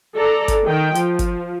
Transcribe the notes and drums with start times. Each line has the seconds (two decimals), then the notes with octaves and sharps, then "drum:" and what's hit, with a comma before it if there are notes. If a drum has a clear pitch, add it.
0.15 A4 D5 A#5
0.48 drum: kick G1, hi-hat
0.65 D#3 G5
0.95 F3, drum: hi-hat
1.19 drum: kick G1, hi-hat